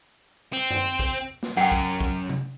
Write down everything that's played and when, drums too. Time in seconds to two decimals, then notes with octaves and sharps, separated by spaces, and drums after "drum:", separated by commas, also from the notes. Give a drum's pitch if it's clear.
0.53 C4
0.70 drum: tom F#2
0.99 drum: kick
1.43 drum: snare
1.57 F#2 F#5 G5
1.72 drum: kick
2.00 drum: kick
2.29 drum: tom C3